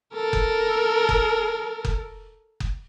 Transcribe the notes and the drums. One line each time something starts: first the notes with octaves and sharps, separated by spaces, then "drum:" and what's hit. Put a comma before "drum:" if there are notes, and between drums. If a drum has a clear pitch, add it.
A4 A#4
drum: kick F#1
drum: kick F#1
drum: kick F#1
drum: kick F#1